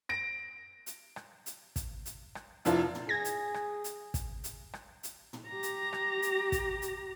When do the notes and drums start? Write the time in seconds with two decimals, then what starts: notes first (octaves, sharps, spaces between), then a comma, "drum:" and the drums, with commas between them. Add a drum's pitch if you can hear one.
0.09 A#6 D7
0.86 drum: hi-hat
1.16 drum: rim click
1.46 drum: hi-hat
1.76 drum: kick, hi-hat
2.05 drum: hi-hat
2.35 drum: rim click
2.65 F1 F3 D4 E4 F4, drum: hi-hat
2.95 drum: tom
3.09 G#4 G#6 A#6
3.25 drum: hi-hat
3.54 drum: rim click
3.84 drum: hi-hat
4.14 drum: kick, hi-hat
4.44 drum: hi-hat
4.73 drum: rim click
5.03 drum: hi-hat
5.33 drum: tom
5.48 G4 A#5
5.63 drum: hi-hat
5.93 drum: rim click
6.22 drum: hi-hat
6.52 drum: kick, hi-hat
6.82 drum: hi-hat